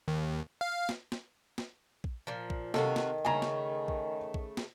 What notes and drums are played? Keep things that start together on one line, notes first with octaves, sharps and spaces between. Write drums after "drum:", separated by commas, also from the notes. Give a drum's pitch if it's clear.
D#2
F5
drum: snare
drum: snare
drum: snare
drum: kick A#1
A#2 F3
drum: kick A#1
C3 D#3 F4 F#4 A4, drum: snare
drum: snare
C#3 A3 G#5 A#5
drum: snare
drum: kick A#1
drum: kick A#1
drum: snare